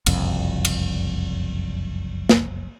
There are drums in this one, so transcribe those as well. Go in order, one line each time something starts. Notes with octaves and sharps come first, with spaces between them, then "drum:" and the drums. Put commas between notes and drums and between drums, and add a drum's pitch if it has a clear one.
F#1 C2 F2, drum: cymbal
drum: cymbal
drum: snare